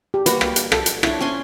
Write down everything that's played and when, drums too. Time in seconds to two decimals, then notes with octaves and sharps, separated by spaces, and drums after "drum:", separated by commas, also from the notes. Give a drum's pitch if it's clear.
0.14 G4
0.26 G3 A#3 F#4 B4, drum: hi-hat
0.41 drum: rim click
0.56 drum: hi-hat
0.72 A4, drum: rim click
0.86 drum: hi-hat
1.03 D4 E4 C#5, drum: rim click
1.21 C#4 G#5 C6